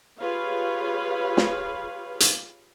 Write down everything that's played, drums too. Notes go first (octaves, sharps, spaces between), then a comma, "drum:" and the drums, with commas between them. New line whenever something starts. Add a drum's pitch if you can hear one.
F4 G4 G#4 B4 C#5 F5
drum: snare
drum: hi-hat